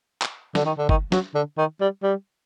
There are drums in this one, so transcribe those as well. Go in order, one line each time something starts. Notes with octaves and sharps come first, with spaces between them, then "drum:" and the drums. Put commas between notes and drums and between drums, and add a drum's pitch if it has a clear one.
drum: clap
D3, drum: snare
D#3
D3
D#3, drum: kick
F#3, drum: snare
D3
D#3
G3
G3